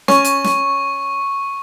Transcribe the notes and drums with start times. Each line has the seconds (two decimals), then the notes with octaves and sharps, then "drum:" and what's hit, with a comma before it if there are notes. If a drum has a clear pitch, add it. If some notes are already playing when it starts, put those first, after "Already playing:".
0.08 C#4 C#6, drum: snare
0.25 drum: hi-hat
0.44 drum: snare